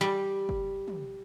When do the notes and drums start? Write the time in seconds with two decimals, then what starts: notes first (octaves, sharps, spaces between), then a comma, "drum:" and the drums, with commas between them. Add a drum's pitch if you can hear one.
0.01 G3
0.49 drum: kick F#1
0.88 drum: tom